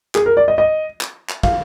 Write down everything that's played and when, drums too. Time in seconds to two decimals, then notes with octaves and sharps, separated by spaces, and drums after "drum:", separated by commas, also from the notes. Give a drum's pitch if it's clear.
0.15 G#4, drum: clap
0.26 A#4
0.37 D5
0.48 D#5
0.58 D#5
1.01 drum: clap
1.29 drum: clap
1.43 F5, drum: kick